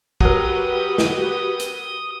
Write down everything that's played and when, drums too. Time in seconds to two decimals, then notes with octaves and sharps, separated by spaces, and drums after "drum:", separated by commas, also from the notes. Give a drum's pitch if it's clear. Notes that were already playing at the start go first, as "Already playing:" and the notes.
0.21 F#3 F#4 G4 A#4 B4 D#6, drum: kick
0.98 drum: snare
1.60 drum: hi-hat